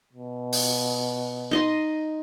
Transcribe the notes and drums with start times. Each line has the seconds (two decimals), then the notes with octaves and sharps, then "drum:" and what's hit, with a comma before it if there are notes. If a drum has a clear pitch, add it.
0.13 B2
0.53 drum: open hi-hat
1.51 D#4 D#5 C6